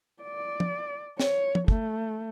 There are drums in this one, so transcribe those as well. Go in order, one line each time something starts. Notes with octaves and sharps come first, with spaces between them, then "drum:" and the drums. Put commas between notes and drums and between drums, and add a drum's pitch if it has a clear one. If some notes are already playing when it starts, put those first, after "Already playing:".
D5
drum: tom
C#5, drum: snare
drum: tom
A3, drum: kick